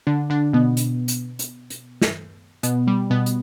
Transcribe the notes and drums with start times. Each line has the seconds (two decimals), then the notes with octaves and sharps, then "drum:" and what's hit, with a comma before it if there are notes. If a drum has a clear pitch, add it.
0.07 D3 D4
0.30 D3 D4
0.53 B2 B3
0.77 drum: hi-hat
1.08 drum: hi-hat
1.39 drum: hi-hat
1.70 drum: hi-hat
2.02 drum: snare
2.63 B2 B3, drum: hi-hat
2.87 G3
3.10 B2 B3
3.26 drum: hi-hat